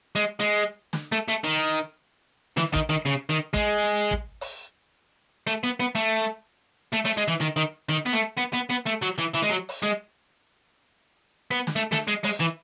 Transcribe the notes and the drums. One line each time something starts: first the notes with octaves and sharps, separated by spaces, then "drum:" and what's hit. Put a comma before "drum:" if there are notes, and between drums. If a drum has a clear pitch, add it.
G#3
G#3
drum: snare
A3
A3
D#3
E3, drum: snare
D#3, drum: kick
D#3
C#3
D#3
G#3, drum: kick
drum: kick
drum: open hi-hat
A3
B3
B3
A3
A3
A3, drum: open hi-hat
G#3
E3
D#3
D#3
D#3
B3
A3
B3
B3
B3
A3
F#3
E3
E3
G#3
F#3
drum: open hi-hat
G#3
B3
drum: snare
A3
A3, drum: snare
G#3
G#3, drum: open hi-hat
E3